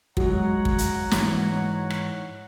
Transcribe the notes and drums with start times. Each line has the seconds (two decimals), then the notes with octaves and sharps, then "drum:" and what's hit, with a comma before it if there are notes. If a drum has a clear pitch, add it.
0.17 F#3 G#3 C#5 F#5 A#5, drum: kick
0.65 drum: kick
0.78 drum: hi-hat
1.11 G#2 E3, drum: snare
1.90 drum: rim click